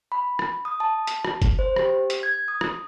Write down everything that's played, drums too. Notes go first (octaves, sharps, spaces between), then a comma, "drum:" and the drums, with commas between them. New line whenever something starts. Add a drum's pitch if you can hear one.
B5
drum: rim click
D#6
A5
drum: hi-hat
drum: rim click
drum: kick F#1, hi-hat
C5
G4, drum: rim click
drum: hi-hat
G#6
D#6
drum: rim click